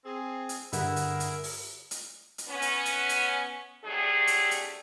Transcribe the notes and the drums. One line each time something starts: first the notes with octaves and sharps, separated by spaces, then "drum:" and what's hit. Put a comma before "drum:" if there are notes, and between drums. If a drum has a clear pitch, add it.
C4 G#4
drum: hi-hat
G2 D3 E4 G#4 A#4 F#5, drum: hi-hat
drum: hi-hat
drum: hi-hat
drum: open hi-hat
drum: hi-hat
drum: hi-hat
B3 C#4
drum: hi-hat
drum: hi-hat
drum: hi-hat
C3 F#3 G3 A3 D4 G#4
drum: hi-hat
drum: hi-hat